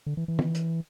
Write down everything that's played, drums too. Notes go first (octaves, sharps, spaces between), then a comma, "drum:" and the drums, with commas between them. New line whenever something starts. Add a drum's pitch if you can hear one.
D3
E3
E3
drum: tom
drum: hi-hat